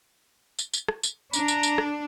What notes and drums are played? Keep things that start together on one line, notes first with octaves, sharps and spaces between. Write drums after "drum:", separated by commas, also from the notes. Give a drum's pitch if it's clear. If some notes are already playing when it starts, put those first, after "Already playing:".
drum: tambourine
drum: tambourine
drum: rim click
drum: tambourine
D4 A#5, drum: tambourine
drum: tambourine
drum: tambourine
drum: rim click